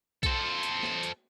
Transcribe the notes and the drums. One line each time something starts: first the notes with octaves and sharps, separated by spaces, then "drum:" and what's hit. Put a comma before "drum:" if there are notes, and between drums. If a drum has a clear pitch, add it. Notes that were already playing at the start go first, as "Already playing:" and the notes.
A4 C5, drum: kick B1, hi-hat
drum: hi-hat
drum: snare
drum: hi-hat